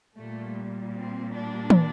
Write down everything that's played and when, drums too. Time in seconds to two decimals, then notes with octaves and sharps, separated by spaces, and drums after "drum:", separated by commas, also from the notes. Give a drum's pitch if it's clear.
0.19 A#2 G3 A3
0.98 C4
1.37 D4
1.70 drum: tom